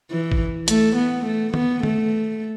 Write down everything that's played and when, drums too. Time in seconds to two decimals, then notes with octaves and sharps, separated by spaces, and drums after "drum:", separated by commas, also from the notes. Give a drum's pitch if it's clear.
0.11 E3
0.32 drum: kick G#1
0.68 A3, drum: hi-hat
0.96 B3
1.26 A3
1.54 B3, drum: tom D#3
1.83 A3, drum: tom D#3